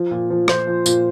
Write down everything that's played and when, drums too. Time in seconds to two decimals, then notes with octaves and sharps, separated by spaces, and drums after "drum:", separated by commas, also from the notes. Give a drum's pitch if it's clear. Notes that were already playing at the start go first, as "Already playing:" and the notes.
Already playing: F3
0.11 A#2
0.30 F3
0.48 F3 C5, drum: rim click
0.67 F3
0.86 A#2, drum: tambourine